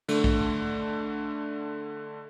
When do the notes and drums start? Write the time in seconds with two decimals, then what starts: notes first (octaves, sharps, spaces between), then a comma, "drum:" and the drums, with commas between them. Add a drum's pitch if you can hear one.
0.08 D3 A3, drum: cymbal
0.24 drum: kick